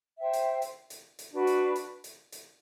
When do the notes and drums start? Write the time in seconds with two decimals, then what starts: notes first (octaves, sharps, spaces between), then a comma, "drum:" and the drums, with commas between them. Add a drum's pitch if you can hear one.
0.19 C5 E5 G5
0.33 drum: hi-hat
0.62 drum: hi-hat
0.90 drum: hi-hat
1.19 drum: hi-hat
1.33 D4 F#4 B4
1.47 drum: hi-hat
1.76 drum: hi-hat
2.04 drum: hi-hat
2.32 drum: hi-hat